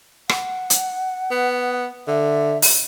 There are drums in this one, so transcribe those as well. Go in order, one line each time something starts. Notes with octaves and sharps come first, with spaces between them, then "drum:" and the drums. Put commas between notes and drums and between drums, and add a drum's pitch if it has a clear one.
F#5, drum: rim click
drum: hi-hat
B3
D3 E5
drum: open hi-hat